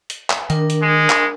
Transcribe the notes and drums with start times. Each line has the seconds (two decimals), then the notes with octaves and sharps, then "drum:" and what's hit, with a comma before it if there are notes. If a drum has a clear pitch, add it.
0.10 drum: hi-hat
0.30 drum: clap
0.50 D#3 D4 A#4, drum: hi-hat
0.70 drum: hi-hat
0.82 G#3
1.10 drum: clap